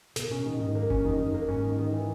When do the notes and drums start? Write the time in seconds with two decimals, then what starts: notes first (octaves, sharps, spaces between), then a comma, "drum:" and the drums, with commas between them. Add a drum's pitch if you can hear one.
0.16 B2 A#3, drum: snare
0.30 B2 C#4
0.45 A#2 D#3
0.60 G#2 D#3
0.75 A#3
0.82 F#2
0.90 C#4, drum: kick F#1
1.05 E2 D#3
1.20 F#2 D#3
1.34 F#2 A#3
1.49 G#2 C#4
1.63 D#3
1.78 D#3
1.93 E3